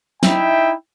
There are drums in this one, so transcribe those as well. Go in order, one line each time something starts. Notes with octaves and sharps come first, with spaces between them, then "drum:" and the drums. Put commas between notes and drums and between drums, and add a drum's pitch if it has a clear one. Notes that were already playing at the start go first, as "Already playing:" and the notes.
D#4 E4 E5 G5, drum: snare